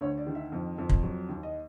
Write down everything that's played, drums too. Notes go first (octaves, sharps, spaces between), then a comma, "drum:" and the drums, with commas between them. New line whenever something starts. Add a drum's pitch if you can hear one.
D2 C#5
D5
D#3
E5
F2
F2
drum: kick
F#3
D#2
D#5